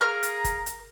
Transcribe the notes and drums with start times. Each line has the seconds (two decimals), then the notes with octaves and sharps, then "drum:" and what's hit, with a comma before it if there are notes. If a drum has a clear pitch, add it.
0.01 G#4 A#4 F5 A#5 F6
0.23 drum: hi-hat
0.44 drum: kick, hi-hat
0.66 drum: hi-hat